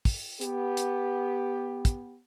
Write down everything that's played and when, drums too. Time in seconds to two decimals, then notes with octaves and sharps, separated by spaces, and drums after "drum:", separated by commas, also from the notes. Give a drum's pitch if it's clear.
0.05 drum: kick, open hi-hat
0.41 B3 G4, drum: hi-hat
0.77 drum: hi-hat
1.85 drum: kick, hi-hat